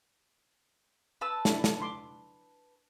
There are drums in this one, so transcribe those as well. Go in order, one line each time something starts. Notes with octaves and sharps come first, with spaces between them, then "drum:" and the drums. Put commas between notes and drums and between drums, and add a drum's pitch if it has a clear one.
B4 A5 E6
D4 E4 B5, drum: snare
drum: snare
B5 C6 D6